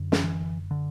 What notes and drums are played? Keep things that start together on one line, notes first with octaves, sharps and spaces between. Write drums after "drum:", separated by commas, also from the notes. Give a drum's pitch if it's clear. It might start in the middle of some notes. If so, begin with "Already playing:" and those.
Already playing: F#2 D3
drum: snare
E3
D3